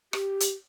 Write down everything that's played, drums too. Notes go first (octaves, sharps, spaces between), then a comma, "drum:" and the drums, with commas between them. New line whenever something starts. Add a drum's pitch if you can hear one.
G4, drum: rim click
drum: hi-hat